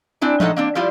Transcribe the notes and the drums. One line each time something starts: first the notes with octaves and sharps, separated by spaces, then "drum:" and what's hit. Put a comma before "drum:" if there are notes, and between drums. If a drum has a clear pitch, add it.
C4 D4 E4 G#5
A2 G#3 D#4 A4 F#5, drum: tom E3
A#3 C4 D4
F3 G3 E4 F4 F5